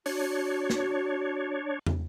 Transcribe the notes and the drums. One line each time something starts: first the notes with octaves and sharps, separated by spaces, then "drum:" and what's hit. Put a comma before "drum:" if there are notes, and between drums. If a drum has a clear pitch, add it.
D4 F#4 C#5, drum: open hi-hat
drum: snare
drum: tom